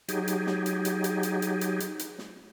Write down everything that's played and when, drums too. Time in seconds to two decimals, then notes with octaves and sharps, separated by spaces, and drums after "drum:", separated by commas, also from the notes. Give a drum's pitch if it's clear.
0.08 F#3 D#4 G4 G#4, drum: hi-hat
0.28 drum: hi-hat
0.47 drum: snare
0.66 drum: hi-hat
0.85 drum: hi-hat
1.04 drum: hi-hat
1.23 drum: hi-hat
1.42 drum: hi-hat
1.61 drum: hi-hat
1.80 drum: hi-hat
1.99 drum: hi-hat
2.19 drum: snare